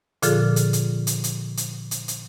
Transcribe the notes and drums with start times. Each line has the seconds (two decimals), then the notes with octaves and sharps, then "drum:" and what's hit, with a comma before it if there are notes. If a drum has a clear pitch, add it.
0.22 A#2 D3 F3 F4 G#4 A4, drum: hi-hat
0.56 drum: hi-hat
0.73 drum: hi-hat
1.07 drum: hi-hat
1.24 drum: hi-hat
1.57 drum: hi-hat
1.91 drum: hi-hat
2.08 drum: hi-hat